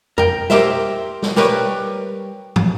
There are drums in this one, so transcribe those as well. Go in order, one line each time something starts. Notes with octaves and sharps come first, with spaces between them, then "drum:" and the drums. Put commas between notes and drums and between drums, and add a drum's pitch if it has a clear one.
A#4 G5, drum: tom F2
G4 A#4 C5 E5, drum: snare
drum: snare
G3 A#4 B4 C#5, drum: snare
drum: tom